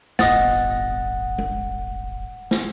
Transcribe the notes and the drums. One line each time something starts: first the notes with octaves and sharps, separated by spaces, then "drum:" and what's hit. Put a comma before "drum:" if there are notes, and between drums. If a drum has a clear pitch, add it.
D1 G1 D#5 F#5 D#6 A6, drum: snare
drum: tom G#3
drum: snare